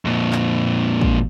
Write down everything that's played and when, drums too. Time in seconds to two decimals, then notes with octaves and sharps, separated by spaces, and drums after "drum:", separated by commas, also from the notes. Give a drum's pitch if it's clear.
0.05 F2 A#2
0.33 drum: clap
1.01 drum: kick